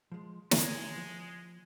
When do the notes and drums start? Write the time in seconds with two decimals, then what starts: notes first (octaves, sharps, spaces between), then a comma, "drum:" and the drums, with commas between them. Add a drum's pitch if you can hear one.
0.12 F3 G#3
0.51 G#3 A#4 B4, drum: snare
0.98 F3